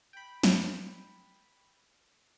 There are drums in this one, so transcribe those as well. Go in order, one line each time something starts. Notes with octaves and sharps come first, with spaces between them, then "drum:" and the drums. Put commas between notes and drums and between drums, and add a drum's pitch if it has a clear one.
G5 B5
drum: snare